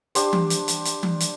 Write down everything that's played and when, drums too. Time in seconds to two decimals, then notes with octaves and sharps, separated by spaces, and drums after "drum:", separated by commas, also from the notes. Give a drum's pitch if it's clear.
0.15 D4 G4 C5, drum: hi-hat
0.33 drum: tom E3
0.50 drum: hi-hat
0.68 drum: hi-hat
0.85 drum: hi-hat
1.03 drum: tom E3
1.20 drum: hi-hat